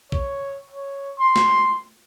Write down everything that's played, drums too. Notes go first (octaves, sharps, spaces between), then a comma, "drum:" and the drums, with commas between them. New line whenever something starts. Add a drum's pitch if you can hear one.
C#5, drum: kick
C#5
C6
drum: snare